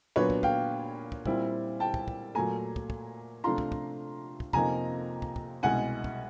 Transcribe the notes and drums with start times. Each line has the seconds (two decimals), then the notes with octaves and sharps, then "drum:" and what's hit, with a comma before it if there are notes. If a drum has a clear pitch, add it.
0.16 A#2 F#3 B3 D4 B4 C#5
0.30 drum: kick
0.43 F5 G5, drum: kick
1.12 drum: kick
1.25 A#2 G3 C4 E4, drum: kick
1.80 G5 A5
1.94 drum: kick
2.08 drum: kick
2.35 A#2 F#3 A3 G#5 A#5
2.76 drum: kick
2.90 drum: kick
3.44 C3 F3 A3 D4 F4 A#5 C6
3.58 drum: kick
3.72 drum: kick
4.40 drum: kick
4.53 F2 C3 F3 A#3 D#4 G#5 A#5, drum: kick
5.22 drum: kick
5.36 drum: kick
5.63 C2 B2 G#3 F#5 G#5
6.04 drum: kick